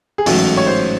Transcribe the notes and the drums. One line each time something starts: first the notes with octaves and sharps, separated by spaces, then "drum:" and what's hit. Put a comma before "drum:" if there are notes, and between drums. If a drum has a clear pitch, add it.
G#4
A1 G#2 F#3 A3 F#4, drum: open hi-hat
C#5
C5